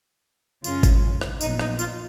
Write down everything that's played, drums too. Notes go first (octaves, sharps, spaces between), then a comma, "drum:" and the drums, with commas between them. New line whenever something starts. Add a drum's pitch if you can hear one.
F#2 C#3 G#3 C#4 F4, drum: tambourine
drum: kick G#1, tambourine
drum: rim click
A#1 A#2 F#3 B3 D#4, drum: tambourine
D#4, drum: rim click
F4, drum: tambourine